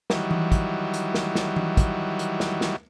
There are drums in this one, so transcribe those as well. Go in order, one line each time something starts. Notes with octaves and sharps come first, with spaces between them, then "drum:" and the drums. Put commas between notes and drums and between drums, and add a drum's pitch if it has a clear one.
D#3 E3 F#3 G3, drum: snare
drum: tom E3
drum: kick, hi-hat
drum: hi-hat
drum: snare
drum: snare
drum: tom E3
drum: kick, hi-hat
drum: hi-hat
drum: snare
drum: snare